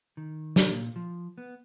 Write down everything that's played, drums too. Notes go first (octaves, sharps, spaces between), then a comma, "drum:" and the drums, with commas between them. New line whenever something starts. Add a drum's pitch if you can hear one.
D#3
drum: snare
A#2
F3
B3